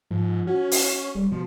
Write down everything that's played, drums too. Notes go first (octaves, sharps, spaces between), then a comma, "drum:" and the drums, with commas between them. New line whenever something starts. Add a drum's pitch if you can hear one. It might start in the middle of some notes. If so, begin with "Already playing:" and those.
G#2 F3
C#4 F#4
drum: open hi-hat
D#1 G3
B2 F3